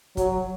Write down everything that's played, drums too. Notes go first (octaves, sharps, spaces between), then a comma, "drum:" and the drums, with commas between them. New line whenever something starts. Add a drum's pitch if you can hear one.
F#3, drum: kick, hi-hat